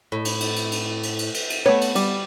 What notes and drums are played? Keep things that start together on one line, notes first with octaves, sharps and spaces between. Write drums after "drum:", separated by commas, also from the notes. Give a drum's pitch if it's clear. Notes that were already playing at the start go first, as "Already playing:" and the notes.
A2
drum: cymbal
drum: cymbal
drum: cymbal
drum: cymbal
drum: cymbal
drum: cymbal
drum: cymbal
drum: cymbal
A3 B3 C#5
drum: cymbal
G3, drum: cymbal